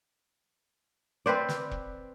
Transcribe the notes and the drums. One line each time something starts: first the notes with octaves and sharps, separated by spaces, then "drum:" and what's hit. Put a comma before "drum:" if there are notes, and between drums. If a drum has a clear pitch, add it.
C4 B4 C5 D5
drum: snare
drum: kick E1